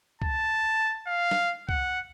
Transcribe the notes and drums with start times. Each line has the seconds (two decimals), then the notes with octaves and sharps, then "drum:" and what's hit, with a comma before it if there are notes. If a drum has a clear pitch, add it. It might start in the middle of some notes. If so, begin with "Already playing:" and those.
0.22 A5, drum: kick C2
1.07 F5
1.31 drum: snare
1.69 F#5, drum: kick C2